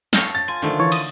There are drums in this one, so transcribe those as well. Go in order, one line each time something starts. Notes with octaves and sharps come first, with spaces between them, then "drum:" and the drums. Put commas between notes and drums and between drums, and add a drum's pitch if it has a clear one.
F4 A4 C#5 F6 G6 A#6, drum: snare
A6
F4 G#5
D3 D#3 F3 A3
E3 C#5
D#6, drum: cymbal